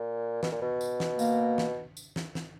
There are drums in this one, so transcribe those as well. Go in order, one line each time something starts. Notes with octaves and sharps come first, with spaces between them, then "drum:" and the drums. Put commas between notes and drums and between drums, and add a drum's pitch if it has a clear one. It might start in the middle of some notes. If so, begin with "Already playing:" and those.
Already playing: A#2
B2, drum: snare
A#2
B2
drum: tambourine
drum: snare
A#3, drum: tambourine
drum: snare
drum: tambourine
drum: snare
drum: snare